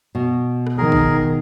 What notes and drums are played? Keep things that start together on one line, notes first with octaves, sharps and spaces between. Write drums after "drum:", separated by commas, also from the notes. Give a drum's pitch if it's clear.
B2
drum: rim click
D#3 G#4 A#4
drum: kick